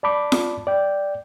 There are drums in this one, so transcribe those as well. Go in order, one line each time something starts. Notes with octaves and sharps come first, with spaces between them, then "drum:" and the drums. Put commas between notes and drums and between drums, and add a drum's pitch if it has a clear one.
D5 A5 B5 D6
drum: snare F4
D5 G5